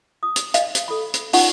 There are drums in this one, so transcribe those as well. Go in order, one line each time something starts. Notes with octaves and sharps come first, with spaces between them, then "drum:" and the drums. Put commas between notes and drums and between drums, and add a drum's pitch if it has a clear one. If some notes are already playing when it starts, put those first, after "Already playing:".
D#6
drum: hi-hat
D5 D#5 F5 G#5, drum: hi-hat
drum: hi-hat
A4 B5
drum: hi-hat
C#4 D#4 F4 F#5 A5 C#6, drum: open hi-hat